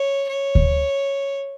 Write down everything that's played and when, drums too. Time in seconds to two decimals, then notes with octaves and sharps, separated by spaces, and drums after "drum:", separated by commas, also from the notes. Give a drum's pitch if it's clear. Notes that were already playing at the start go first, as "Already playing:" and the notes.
Already playing: C#5
0.29 C#5
0.55 drum: kick D2